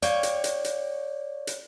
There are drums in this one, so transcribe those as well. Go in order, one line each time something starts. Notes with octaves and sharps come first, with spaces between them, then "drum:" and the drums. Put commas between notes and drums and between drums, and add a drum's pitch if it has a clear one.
C#5 D5 F5 G5, drum: hi-hat
drum: hi-hat
drum: hi-hat
drum: hi-hat
drum: hi-hat